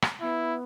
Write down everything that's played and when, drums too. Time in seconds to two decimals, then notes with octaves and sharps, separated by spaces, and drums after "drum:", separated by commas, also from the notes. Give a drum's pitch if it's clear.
0.02 drum: rim click
0.21 B3 E4